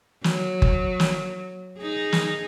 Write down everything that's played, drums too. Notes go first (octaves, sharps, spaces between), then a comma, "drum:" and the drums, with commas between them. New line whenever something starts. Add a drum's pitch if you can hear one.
F#3, drum: snare
drum: kick F#1
drum: snare
D#4 G#4
drum: snare